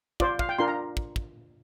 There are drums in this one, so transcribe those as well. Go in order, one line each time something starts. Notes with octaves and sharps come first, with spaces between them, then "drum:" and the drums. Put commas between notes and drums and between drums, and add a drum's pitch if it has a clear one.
F4 C5 D5, drum: kick
F5, drum: kick
G5
D4 F4 A#4 C6
A#5
drum: kick
drum: kick